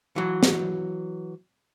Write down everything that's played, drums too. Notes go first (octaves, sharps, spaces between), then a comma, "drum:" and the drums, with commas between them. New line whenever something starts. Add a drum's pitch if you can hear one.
E3 F#3
drum: snare